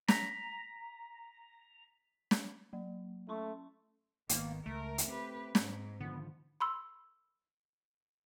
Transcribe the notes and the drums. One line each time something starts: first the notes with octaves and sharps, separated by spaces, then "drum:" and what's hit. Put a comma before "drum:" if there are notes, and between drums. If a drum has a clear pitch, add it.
A#5 B6, drum: snare
drum: snare
F#3 A#3
A3 C#4 C6 C#6
G#1 D#3 A#3 B3, drum: hi-hat
C#2 A3 A#4
drum: hi-hat
C4 G4 B4
G#2, drum: snare
D3 D#3 F3 B3
B5 C6 E6